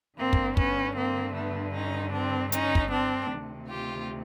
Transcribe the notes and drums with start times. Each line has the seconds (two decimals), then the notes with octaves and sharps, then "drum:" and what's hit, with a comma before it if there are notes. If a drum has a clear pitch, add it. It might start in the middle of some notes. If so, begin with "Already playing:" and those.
0.18 G2 D3 A#3 C4
0.33 drum: kick
0.57 B3 C#4, drum: kick
0.96 A#3 C4
1.35 A3 B3
1.74 C#4 D#4
2.13 C4 D4
2.52 C#4 D#4, drum: hi-hat
2.75 drum: kick
2.91 C4 D4
3.30 D2 C3 D#3
3.68 F4 G4